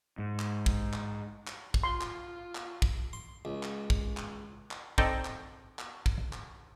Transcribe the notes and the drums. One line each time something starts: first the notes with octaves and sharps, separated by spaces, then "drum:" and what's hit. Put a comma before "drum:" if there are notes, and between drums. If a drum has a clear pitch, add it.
G#2
drum: clap
drum: kick
drum: clap
drum: clap
drum: kick
F4 C6
drum: clap
drum: clap
drum: kick
C6
C#2
drum: clap
drum: kick
drum: clap
drum: clap
C4 D#4 A4 D5 D#5 G5, drum: kick
drum: clap
drum: clap
drum: kick
drum: clap